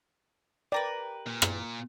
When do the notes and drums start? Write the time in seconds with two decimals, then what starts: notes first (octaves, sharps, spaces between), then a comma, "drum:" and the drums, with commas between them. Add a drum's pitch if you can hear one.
0.72 G4 A#4 B4 D5
1.27 A#2
1.42 drum: rim click